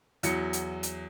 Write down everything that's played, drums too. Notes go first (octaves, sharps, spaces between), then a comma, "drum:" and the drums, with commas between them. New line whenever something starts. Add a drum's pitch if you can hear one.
E2 F#3 C#7, drum: hi-hat
drum: hi-hat
drum: hi-hat